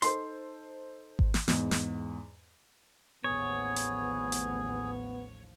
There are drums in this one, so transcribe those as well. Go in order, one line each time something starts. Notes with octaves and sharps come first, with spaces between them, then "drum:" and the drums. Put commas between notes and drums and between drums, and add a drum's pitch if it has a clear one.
D#4 A4 C5 C6, drum: hi-hat
drum: kick G#1
drum: snare
E2 G#2, drum: snare
drum: snare
A1 D#2 F3 B3 G#4 C#5
drum: hi-hat
drum: hi-hat